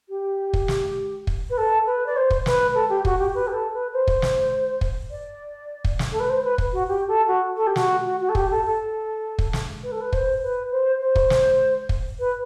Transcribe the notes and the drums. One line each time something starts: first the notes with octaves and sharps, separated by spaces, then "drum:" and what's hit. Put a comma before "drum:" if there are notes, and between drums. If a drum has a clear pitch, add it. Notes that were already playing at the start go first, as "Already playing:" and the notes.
G4
drum: kick
drum: snare
drum: kick
B4
A4
B4
D5
C5
drum: kick
B4, drum: snare
A4
G4
F#4, drum: kick
G4
B4
G4
A4
B4
C5
drum: kick
drum: snare
drum: kick
D5
drum: kick
drum: snare
A4
B4
C5
B4
drum: kick
F#4
G4
A4
F#4
A4
G4
F#4, drum: snare
F#4
F#4
A4
G4, drum: kick
A4
A4
drum: kick
drum: snare
B4
A4
B4
C5, drum: kick
B4
C5
C5
drum: kick
drum: snare
drum: kick
B4